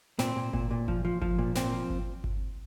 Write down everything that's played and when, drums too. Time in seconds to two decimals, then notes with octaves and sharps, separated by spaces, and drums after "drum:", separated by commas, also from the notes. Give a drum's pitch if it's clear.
0.19 A#2 C4, drum: snare
0.36 A#2
0.53 A#2, drum: kick G1
0.71 A#2
0.88 F3, drum: kick G1
1.05 F3
1.22 F3, drum: kick G1
1.38 A#2
1.56 A#2 C4, drum: snare
1.73 F3
1.90 drum: kick G1
2.24 drum: kick G1